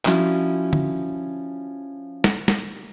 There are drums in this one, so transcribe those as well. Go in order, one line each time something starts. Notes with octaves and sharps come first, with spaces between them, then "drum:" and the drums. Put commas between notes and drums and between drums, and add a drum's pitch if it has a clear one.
F3 C#4 D4 E4 F#4, drum: clap
drum: tom
drum: snare
drum: snare